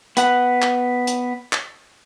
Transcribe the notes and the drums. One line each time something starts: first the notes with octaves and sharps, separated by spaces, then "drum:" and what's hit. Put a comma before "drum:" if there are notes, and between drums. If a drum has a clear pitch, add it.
B3 F#5, drum: hi-hat
drum: clap
drum: hi-hat
drum: clap